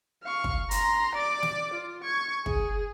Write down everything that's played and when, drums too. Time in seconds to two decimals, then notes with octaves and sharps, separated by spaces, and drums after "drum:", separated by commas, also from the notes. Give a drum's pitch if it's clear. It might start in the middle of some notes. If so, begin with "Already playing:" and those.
0.23 F5 C#6
0.44 drum: kick
0.71 A#5 C6, drum: hi-hat
1.15 D5 D6
1.42 drum: snare
1.74 F4
2.04 C#6 G#6
2.46 G#4, drum: kick